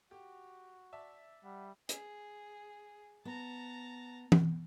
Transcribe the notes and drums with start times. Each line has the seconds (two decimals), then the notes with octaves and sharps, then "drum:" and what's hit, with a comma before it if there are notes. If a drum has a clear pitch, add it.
0.11 F#4 G4
0.93 D5 E5 A5
1.44 G3 F#5
1.89 G#4, drum: hi-hat
3.25 B3 A5 A#5
4.32 drum: tom E3